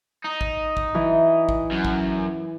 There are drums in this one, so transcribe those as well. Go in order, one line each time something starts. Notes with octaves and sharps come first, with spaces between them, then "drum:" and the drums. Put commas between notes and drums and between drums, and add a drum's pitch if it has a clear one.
D#4
drum: kick G#1
drum: kick G#1
E3
drum: kick G#1
F#2
drum: kick G#1